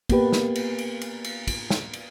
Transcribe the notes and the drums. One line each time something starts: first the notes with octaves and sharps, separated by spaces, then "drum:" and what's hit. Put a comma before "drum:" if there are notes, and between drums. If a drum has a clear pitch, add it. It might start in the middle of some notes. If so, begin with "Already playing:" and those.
A#3 B3 G4 B4, drum: kick, cymbal
drum: snare
drum: cymbal
drum: cymbal
drum: cymbal
drum: cymbal
drum: kick, cymbal
drum: snare
drum: cymbal